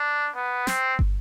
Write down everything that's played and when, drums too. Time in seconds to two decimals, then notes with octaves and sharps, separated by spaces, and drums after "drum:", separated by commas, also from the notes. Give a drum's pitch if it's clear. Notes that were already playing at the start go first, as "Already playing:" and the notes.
Already playing: D4
0.35 B3
0.67 C4, drum: snare
0.99 drum: kick